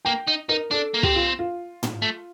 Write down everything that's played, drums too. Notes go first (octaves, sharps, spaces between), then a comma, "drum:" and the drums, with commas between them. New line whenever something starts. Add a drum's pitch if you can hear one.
A#3 G5
D#4
D#4 A#4
D4 A4
A#3
C4 G4, drum: kick
F4
F4
drum: tom
A3